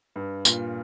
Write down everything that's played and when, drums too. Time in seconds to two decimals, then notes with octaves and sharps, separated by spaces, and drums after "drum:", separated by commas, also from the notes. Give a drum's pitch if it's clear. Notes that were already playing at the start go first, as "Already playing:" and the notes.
0.16 G2
0.45 A#2, drum: tambourine